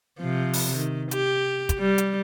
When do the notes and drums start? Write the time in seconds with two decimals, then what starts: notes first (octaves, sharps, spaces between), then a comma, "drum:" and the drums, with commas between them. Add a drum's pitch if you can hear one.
0.19 C3 F3
0.53 drum: open hi-hat
0.75 D#3
1.11 G4, drum: hi-hat
1.69 drum: kick, hi-hat
1.79 G3
1.98 drum: hi-hat